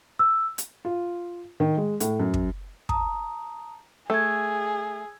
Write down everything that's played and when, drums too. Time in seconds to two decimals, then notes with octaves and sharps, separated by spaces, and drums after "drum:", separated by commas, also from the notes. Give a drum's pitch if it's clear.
0.19 E6
0.58 drum: hi-hat
0.85 F4
1.60 D#3
1.77 G#3
2.00 A2, drum: hi-hat
2.20 F#2
2.34 drum: kick
2.89 A5 A#5 D#6, drum: kick
4.10 A3 G#4 E6 G#6